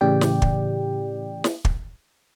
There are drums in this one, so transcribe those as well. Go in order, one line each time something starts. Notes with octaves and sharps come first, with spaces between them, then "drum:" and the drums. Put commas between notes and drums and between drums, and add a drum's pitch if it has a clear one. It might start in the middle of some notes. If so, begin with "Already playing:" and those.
A2 C#3 E3 G4 D5 G5
drum: snare
drum: kick
drum: snare
drum: kick